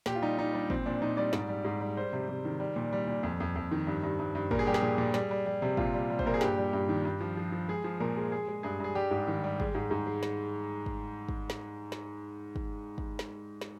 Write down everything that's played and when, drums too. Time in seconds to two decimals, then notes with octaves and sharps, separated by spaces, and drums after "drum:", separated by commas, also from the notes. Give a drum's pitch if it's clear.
0.06 A#2 G4, drum: snare
0.15 F4
0.22 G3 D#4
0.38 G3 D#4
0.53 G3 D4
0.70 A#2 C4, drum: kick
0.86 A#2 D4
1.02 A#2 D#4
1.17 G3 D5
1.33 G#2 D5, drum: snare
1.49 G3
1.65 G#2
1.81 G3
1.97 G3 C5
2.13 C3
2.29 C3
2.45 D#3
2.60 G3
2.76 A#2
2.93 G3
3.07 A#2
3.23 F2
3.40 F2
3.56 F2
3.72 D#3
3.87 G2
4.03 G2
4.19 G2
4.35 G2
4.51 A#2 A#4, drum: kick
4.59 G#4
4.67 G3 G4
4.74 G#4, drum: snare
4.83 A#2
4.98 A#2
5.14 G3, drum: snare
5.31 G3
5.46 G3
5.62 C3
5.77 A#2 F4, drum: kick
5.94 G3
6.10 G3
6.19 C5, drum: kick
6.26 A#2 A#4
6.34 G#4
6.41 G2 G4, drum: snare
6.58 G3
6.73 G2
6.89 D#3
7.05 G2
7.21 F3
7.37 F3
7.52 F3
7.69 G#3 G#4
7.84 F3
8.00 A#2 A#4
8.16 G#3
8.32 G#3 G#4
8.48 G#3
8.63 G2 G#4
8.80 G2 G#4
8.95 G3 G4
9.11 G#2
9.28 D#3
9.44 G3
9.60 G#3, drum: kick
9.75 G#2
9.91 G#2
10.07 G#3
10.23 drum: snare
10.86 drum: kick
11.29 drum: kick
11.50 drum: snare
11.92 drum: snare
12.56 drum: kick
12.98 drum: kick
13.19 drum: snare
13.61 drum: snare